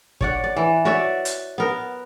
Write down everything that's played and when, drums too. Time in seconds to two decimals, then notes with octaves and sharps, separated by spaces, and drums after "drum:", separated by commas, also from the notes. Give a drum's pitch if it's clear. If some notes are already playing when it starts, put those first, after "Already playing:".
0.21 C#5 D5 F#5, drum: kick
0.44 D5
0.56 E3
0.85 F#4 C#5 D5 E5
1.25 drum: hi-hat
1.58 B3 A#4